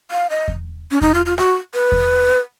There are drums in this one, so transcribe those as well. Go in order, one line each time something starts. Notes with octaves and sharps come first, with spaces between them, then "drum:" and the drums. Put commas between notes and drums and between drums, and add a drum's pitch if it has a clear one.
F5
D#5
drum: kick E2
C#4
D#4, drum: kick E2
F4
F4
F#4, drum: rim click
B4
drum: kick E2